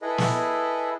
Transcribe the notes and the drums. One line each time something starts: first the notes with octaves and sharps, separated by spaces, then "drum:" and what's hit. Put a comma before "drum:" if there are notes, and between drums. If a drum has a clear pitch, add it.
E4 G#4 A4 B4 D#5
drum: snare